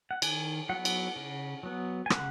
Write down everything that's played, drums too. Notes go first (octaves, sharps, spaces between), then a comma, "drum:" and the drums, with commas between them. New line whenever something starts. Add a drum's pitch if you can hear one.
F#5
D#3 G#5, drum: cymbal
F#3 B3 F#5
drum: cymbal
C#3
F#3 B3
G#5
C#3 F#5, drum: rim click